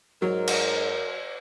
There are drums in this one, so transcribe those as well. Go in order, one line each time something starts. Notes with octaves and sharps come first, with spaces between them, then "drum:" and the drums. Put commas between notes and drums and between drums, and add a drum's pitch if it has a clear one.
G#2 F#3 A#4 C#5
drum: cymbal